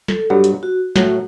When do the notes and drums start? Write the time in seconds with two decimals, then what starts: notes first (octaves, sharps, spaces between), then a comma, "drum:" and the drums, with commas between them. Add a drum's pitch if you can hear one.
0.08 A4, drum: snare
0.30 G2 F#3 B3 G4
0.44 drum: hi-hat
0.63 F#4
0.96 A2 F#3 A3 F#4, drum: snare